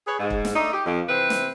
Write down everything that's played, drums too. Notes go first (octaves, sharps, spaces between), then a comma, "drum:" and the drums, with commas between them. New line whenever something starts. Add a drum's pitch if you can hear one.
G#4 B4 C#5
G#2
drum: kick
drum: snare
A3 D4 D#4
G4
F2
C3 E3 C4 B4
drum: snare